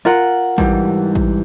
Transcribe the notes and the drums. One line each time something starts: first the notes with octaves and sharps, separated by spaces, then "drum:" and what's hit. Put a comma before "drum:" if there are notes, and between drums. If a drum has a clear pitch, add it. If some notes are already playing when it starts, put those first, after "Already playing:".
F4 A#4 F#5
G#2 E3 G3, drum: kick A1
drum: kick A1